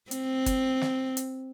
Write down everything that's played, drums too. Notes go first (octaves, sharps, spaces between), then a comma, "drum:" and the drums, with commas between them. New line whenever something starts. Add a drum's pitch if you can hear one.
C4, drum: hi-hat
drum: kick, hi-hat
drum: snare
drum: hi-hat